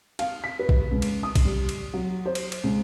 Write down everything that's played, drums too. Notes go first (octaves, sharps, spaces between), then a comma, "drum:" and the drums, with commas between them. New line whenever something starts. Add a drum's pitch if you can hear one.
F5, drum: cymbal
B6
B4
drum: kick
C#2
drum: cymbal
D#6
drum: kick, cymbal
G3
drum: cymbal
F#3
C5
drum: cymbal
drum: cymbal
C#2